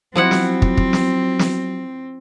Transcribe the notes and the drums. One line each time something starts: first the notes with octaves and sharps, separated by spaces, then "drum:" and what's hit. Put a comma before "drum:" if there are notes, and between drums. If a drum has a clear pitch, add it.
F3 F#3 C4 E4 F#5
drum: snare
drum: kick
drum: kick
drum: snare
drum: snare